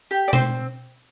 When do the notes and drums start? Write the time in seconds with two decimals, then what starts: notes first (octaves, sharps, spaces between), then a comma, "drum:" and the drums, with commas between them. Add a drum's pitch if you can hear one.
0.11 G4
0.28 D5
0.33 C4 C5, drum: tom B2